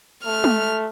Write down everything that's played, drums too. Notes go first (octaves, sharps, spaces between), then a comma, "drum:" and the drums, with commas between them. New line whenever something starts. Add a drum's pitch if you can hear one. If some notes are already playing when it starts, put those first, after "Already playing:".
A3 F6
drum: tom